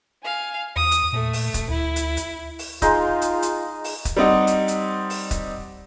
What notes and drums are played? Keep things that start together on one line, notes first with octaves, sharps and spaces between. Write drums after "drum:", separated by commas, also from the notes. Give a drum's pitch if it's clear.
F5 G#5
E2 D#6
drum: hi-hat
A#2 A3
drum: open hi-hat
drum: kick, hi-hat
D2 E4
drum: hi-hat
drum: hi-hat
drum: open hi-hat
G#3 D#4 F4, drum: kick, hi-hat
drum: hi-hat
drum: hi-hat
drum: open hi-hat
drum: kick, hi-hat
G3 C4 D#4 F#5
drum: hi-hat
drum: hi-hat
drum: open hi-hat
drum: kick, hi-hat